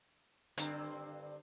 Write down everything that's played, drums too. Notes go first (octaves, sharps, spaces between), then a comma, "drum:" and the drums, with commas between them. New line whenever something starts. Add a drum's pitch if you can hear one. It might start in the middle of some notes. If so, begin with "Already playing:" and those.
G2 D3 C4, drum: hi-hat